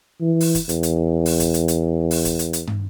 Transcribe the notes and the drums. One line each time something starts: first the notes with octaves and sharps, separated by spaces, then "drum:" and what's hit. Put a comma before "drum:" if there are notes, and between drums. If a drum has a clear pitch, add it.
E3
drum: open hi-hat
drum: kick, hi-hat
E2, drum: hi-hat
drum: hi-hat
drum: open hi-hat
drum: kick, hi-hat
drum: hi-hat
drum: hi-hat
drum: open hi-hat
drum: kick, hi-hat
drum: hi-hat
drum: hi-hat
drum: tom